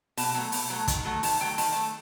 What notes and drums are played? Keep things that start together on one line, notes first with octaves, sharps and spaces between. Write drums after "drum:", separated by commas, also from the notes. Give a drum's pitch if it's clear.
B2 A5, drum: open hi-hat
F#3 A3
B2, drum: open hi-hat
F#3 A3
D#3, drum: kick, hi-hat
F#3 A3
D#3 A5, drum: open hi-hat
F#3 A3 G5
D#3 A5, drum: open hi-hat
A5
A3